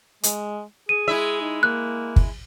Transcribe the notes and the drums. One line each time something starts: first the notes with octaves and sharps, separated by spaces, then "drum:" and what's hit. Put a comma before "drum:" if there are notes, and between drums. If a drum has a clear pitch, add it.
G#3, drum: hi-hat
G#4 D#7
G#3 E4 E5
D#4
A#3 F#6
drum: kick